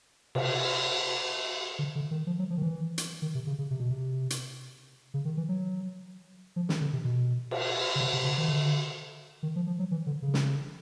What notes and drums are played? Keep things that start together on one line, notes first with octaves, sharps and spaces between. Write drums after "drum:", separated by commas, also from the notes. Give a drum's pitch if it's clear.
C3, drum: cymbal
D3
D3
D#3
F3
F#3
F3
D#3
E3
drum: hi-hat
D#3
C3
C#3
C#3
C3
B2
C3
drum: hi-hat
C#3
D#3
E3
F#3
F3
D#3, drum: snare
D3
C3
B2
drum: cymbal
C#3
C3
C3
C#3
D#3
D3
D#3
F3
F3
F#3
E3
D3
C#3
drum: snare